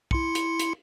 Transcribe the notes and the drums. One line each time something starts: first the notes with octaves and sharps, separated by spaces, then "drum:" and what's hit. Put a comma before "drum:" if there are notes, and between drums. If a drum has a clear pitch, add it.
E4 C6 C#7, drum: kick
drum: hi-hat
drum: hi-hat